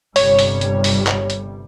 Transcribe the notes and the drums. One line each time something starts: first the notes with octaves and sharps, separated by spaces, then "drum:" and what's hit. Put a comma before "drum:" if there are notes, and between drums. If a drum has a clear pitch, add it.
G1 C3 G3 C#5, drum: open hi-hat
drum: open hi-hat
drum: hi-hat
drum: open hi-hat
drum: clap
drum: hi-hat